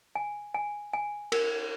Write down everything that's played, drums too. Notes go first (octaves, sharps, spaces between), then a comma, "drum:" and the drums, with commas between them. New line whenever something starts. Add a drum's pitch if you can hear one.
G#5
G#5
G#5
A#4, drum: cymbal